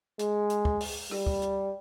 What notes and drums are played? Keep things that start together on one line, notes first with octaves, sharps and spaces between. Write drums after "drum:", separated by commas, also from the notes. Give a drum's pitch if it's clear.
G#3, drum: hi-hat
drum: hi-hat
drum: kick
drum: open hi-hat
G3, drum: rim click
drum: kick
drum: hi-hat